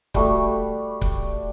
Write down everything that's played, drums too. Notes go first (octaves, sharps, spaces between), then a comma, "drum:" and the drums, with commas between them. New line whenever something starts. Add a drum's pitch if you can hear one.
G3 A3 F#4, drum: kick C#1
drum: kick C#1